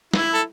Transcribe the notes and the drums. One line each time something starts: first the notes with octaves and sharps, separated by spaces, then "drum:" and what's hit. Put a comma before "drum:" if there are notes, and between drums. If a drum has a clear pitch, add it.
E4, drum: snare
A4